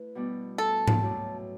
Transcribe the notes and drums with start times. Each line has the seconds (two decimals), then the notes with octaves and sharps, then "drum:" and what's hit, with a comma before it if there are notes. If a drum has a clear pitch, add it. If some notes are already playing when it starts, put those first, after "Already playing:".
Already playing: A3 E4 B4
0.15 B2 G3 B3 D4
0.58 A4
0.88 drum: tom G#2
1.01 B2 F#3 A3 E4 G4